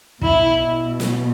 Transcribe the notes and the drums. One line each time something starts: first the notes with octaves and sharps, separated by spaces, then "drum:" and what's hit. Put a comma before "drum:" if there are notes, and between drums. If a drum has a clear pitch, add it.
B2 E4, drum: kick
drum: snare